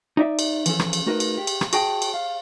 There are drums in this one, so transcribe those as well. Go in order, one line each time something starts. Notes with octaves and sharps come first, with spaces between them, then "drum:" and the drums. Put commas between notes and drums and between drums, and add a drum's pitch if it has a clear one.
D#4 D5 E5
drum: cymbal
E3 F3 C#4 A4, drum: cymbal
drum: rim click
drum: cymbal
A3 D#4 F#4 A#4 B4
drum: cymbal
G4
drum: cymbal
drum: rim click
F#4 G#4 G5 A5, drum: cymbal
drum: cymbal
F5